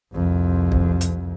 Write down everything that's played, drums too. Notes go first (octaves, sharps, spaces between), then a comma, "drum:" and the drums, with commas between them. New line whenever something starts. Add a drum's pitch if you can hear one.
C2 F2
drum: kick
drum: hi-hat